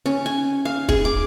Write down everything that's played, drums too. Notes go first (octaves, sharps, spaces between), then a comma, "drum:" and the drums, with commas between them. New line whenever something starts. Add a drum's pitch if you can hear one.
C#4
G#5
F5
G#4, drum: kick
D6